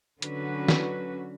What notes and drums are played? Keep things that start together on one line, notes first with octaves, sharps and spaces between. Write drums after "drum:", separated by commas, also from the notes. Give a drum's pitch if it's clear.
D3 F#3 C#4 F#4 B4, drum: hi-hat
drum: snare